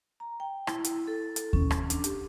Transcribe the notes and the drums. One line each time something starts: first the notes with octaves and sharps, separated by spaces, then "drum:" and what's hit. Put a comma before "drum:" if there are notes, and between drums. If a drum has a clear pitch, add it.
A#5
G5
E4, drum: rim click
drum: hi-hat
A4
drum: hi-hat
C#4, drum: kick D#2
drum: rim click
D4, drum: hi-hat
G4, drum: hi-hat